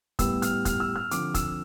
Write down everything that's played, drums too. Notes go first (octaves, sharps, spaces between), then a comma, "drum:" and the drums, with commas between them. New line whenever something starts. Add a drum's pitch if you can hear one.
A2 G3 B3 E6, drum: kick, hi-hat
F6, drum: hi-hat
F6, drum: kick, hi-hat
E6
F6
D3 F3 C4 D6, drum: hi-hat
E6, drum: kick, hi-hat